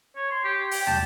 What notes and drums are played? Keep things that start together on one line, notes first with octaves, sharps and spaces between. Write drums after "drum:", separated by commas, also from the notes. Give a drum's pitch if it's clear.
C#5
C6
G4
G5, drum: open hi-hat
A5, drum: tom